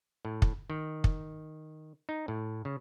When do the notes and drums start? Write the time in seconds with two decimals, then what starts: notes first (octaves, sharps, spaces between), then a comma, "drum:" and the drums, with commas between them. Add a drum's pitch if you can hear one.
0.25 A2
0.42 drum: kick
0.70 D#3
1.04 drum: kick
2.09 D#4
2.28 A2
2.65 C#3